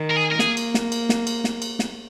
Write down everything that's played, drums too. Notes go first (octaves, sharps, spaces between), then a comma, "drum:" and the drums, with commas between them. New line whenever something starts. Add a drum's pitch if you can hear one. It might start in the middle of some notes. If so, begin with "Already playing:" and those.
Already playing: D#3
A#4
G#4
A#4
A#3 G#4, drum: snare
drum: cymbal
drum: snare
drum: cymbal
drum: snare
drum: cymbal
drum: snare
drum: cymbal
drum: snare